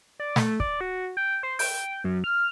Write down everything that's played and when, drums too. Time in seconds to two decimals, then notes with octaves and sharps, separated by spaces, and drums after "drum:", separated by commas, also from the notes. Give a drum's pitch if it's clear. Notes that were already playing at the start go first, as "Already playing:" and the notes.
0.20 D5
0.36 A3, drum: snare
0.60 D5, drum: kick
0.81 F#4
1.17 G5
1.43 C5
1.59 G5, drum: open hi-hat
2.04 F#2
2.24 F6